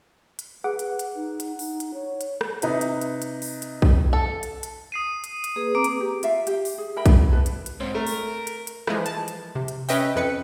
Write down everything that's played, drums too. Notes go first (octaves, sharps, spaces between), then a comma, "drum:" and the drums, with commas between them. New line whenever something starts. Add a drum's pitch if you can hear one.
drum: hi-hat
G#4 B4 F#5
drum: hi-hat
drum: hi-hat
D#4
drum: hi-hat
D#4, drum: open hi-hat
drum: hi-hat
C#5
drum: hi-hat
drum: rim click
C3 D#4 B4, drum: hi-hat
drum: hi-hat
drum: hi-hat
drum: hi-hat
drum: open hi-hat
drum: hi-hat
drum: kick B1
A4
drum: hi-hat
drum: hi-hat
D#6 C7 D#7
drum: hi-hat
drum: hi-hat
A#3 G#4 B4
C4 A#5 D6 D7
drum: hi-hat
G4
F4 E5 F5, drum: hi-hat
G4, drum: hi-hat
drum: open hi-hat
G#4
A#4 E5 G5 B5
drum: kick B1, hi-hat
A4 B4
drum: hi-hat
drum: hi-hat
G#2 C4
A3 A#4
drum: open hi-hat
drum: hi-hat
drum: hi-hat
E3 F3 G#3, drum: rim click
A5, drum: hi-hat
drum: hi-hat
C3
drum: hi-hat
C#4 B4 D#5 E5 G5, drum: open hi-hat
F2 B4 C#7